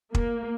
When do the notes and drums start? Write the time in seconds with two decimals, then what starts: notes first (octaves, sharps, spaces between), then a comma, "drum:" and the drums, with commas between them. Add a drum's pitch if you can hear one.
0.15 A#3, drum: kick